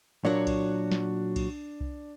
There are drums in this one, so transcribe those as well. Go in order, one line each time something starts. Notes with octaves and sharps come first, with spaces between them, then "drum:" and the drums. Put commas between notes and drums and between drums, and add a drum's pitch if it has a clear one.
A#2 F#3 A#3 D4 F#4 C#5
drum: kick C2, cymbal
drum: snare
drum: kick C2, cymbal
drum: kick C2